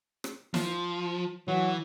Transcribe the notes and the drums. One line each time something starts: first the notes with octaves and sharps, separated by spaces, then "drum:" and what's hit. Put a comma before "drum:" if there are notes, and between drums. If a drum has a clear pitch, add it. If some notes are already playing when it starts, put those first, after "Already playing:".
drum: rim click
F3, drum: snare
E3 F#3